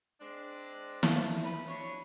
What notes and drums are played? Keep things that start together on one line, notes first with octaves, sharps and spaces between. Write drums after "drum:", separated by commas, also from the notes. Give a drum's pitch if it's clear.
G#3 C4 D4
F3 A3, drum: snare
B4 B5
D4 F#4 C#5